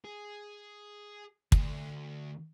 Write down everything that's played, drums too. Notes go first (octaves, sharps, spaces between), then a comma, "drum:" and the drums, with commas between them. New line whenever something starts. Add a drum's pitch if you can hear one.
G#4
D2, drum: kick